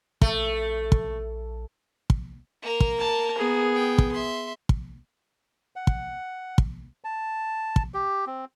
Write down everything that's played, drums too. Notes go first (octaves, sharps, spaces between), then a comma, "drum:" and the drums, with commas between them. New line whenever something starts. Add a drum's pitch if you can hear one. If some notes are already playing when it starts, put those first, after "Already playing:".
A#1 A3, drum: kick
drum: kick
drum: kick
A#3 A#4
drum: kick
A5
B3 G#4
G5
drum: kick
E5 C6
drum: kick
F#5
drum: kick
drum: kick
A5
drum: kick
G4
C4